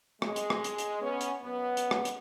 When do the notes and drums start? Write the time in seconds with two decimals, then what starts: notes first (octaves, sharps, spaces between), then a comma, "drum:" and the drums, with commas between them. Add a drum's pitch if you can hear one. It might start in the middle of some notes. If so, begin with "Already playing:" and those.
0.22 G#3, drum: rim click
0.36 drum: hi-hat
0.50 drum: rim click
0.64 drum: hi-hat
0.78 drum: hi-hat
1.01 B3 C#4
1.21 drum: hi-hat
1.43 F#2 B3
1.77 drum: hi-hat
1.91 drum: rim click
2.05 drum: hi-hat